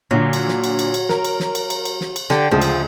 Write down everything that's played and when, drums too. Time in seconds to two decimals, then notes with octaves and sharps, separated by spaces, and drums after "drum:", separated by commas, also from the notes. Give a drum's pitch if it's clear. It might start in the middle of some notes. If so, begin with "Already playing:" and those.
0.11 A#2 D3 F#3
0.33 drum: cymbal
0.48 drum: snare
0.64 drum: cymbal
0.79 drum: cymbal
0.94 drum: cymbal
1.09 A#4, drum: snare
1.25 drum: cymbal
1.40 drum: snare
1.55 drum: cymbal
1.70 drum: cymbal
1.85 drum: cymbal
2.01 drum: snare
2.16 drum: cymbal
2.30 D3 G4, drum: snare
2.51 D2 C#3 F3 G#3
2.62 drum: cymbal